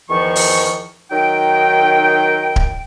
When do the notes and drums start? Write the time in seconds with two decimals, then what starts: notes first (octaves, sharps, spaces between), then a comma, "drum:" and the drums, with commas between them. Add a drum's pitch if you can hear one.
0.09 E2 D#3 F3 C#6
0.36 drum: open hi-hat
1.11 D#3 F#3 D#4 G5
2.56 drum: kick D1